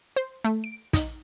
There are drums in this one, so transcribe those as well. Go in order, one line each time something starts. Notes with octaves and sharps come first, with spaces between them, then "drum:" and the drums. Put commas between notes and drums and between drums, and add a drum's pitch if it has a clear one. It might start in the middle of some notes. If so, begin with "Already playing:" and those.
C5
A3
D7
D#4, drum: kick, hi-hat